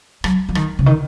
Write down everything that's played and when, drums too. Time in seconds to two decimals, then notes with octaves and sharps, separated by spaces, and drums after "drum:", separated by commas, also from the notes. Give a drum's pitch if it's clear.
0.24 F#3, drum: rim click
0.49 F#3
0.55 D#3, drum: rim click
0.79 C#3
0.86 D#3